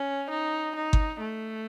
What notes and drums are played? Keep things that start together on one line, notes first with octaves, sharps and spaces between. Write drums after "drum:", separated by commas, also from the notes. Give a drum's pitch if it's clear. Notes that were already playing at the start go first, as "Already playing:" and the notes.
Already playing: C#4
D#4
D#4
drum: kick G1
A3